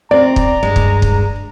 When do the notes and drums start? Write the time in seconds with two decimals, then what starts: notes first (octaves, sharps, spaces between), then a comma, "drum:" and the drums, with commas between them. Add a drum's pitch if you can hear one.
0.11 C4 D5 A#5
0.36 drum: kick
0.63 G2 G#3
0.76 drum: kick
1.02 drum: kick